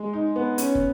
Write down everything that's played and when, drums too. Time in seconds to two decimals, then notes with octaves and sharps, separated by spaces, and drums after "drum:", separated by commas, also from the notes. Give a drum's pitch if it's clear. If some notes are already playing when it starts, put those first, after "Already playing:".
Already playing: G#3
0.13 D#4
0.36 B3
0.58 C#4, drum: hi-hat
0.75 drum: kick